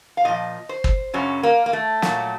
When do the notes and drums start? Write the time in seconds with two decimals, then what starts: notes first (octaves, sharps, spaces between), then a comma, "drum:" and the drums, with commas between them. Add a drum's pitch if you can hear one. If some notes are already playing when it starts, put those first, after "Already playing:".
0.17 F5
0.25 A#2 F3 D#5
0.69 C5
0.84 drum: kick
1.13 F#2 C#3 F#3 C#4
1.43 A#3
1.66 A#3
1.73 A3
2.02 A#2 F#3, drum: snare